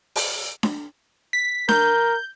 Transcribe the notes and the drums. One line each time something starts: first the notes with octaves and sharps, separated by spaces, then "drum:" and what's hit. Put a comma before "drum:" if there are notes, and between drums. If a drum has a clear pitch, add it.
drum: open hi-hat
drum: snare D4
B6
A#4 G6, drum: snare D4